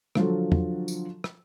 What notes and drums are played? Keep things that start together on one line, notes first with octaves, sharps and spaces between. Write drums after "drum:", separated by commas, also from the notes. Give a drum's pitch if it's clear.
D3 F3 F#3 F4 F#4 A4, drum: rim click
drum: tom
drum: tambourine
drum: rim click